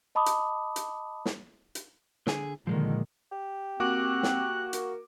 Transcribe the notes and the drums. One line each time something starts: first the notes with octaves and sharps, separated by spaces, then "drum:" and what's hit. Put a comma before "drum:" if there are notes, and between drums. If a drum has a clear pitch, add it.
D#5 A5 B5 D6 D#6
drum: hi-hat
drum: hi-hat
drum: snare
drum: hi-hat
D3 G#4, drum: snare
A#2 D3 D#3 F3 G#3 A#3
G4
A#3 C4 F#4 D6 F#6
drum: snare
A#4, drum: hi-hat